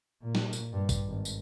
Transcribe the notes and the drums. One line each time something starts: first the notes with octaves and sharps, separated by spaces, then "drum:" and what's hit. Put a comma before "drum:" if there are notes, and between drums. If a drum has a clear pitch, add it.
A#2
drum: snare
drum: tambourine
G2
drum: kick, tambourine
G#1
drum: tambourine